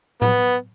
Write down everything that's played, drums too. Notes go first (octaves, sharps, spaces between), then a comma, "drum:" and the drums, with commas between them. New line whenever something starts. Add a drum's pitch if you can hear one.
B3, drum: tom A2